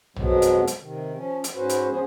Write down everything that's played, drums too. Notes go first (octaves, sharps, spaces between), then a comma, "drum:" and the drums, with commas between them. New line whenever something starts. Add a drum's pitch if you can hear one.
F2 B2 F3 F#3 G#3 B3, drum: tom A#1
drum: hi-hat
drum: hi-hat
C3 D#3
F3 C#4
drum: hi-hat
G#2 C#4 F#4 B4 C5
drum: hi-hat
F3 B3 C#4 G#4 C5